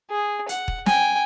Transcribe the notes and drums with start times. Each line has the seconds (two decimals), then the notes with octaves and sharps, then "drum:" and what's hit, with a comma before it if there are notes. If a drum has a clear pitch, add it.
0.11 G#4
0.49 F#5, drum: hi-hat
0.68 drum: kick
0.86 G5 G#5, drum: snare